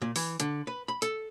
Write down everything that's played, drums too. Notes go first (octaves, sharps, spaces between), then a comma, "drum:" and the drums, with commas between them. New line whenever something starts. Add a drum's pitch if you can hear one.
A#2
E3, drum: open hi-hat
D3, drum: hi-hat
B4
B5
A4, drum: hi-hat